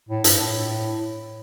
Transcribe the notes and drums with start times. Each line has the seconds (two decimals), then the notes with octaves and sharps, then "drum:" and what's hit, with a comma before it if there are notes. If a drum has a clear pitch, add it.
0.09 A2
0.24 G2, drum: hi-hat
0.40 A2